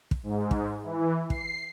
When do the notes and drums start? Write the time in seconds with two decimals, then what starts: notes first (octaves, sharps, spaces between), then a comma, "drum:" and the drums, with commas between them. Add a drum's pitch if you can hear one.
0.11 drum: kick
0.23 G#2
0.51 drum: kick
0.83 E3
1.30 C7, drum: kick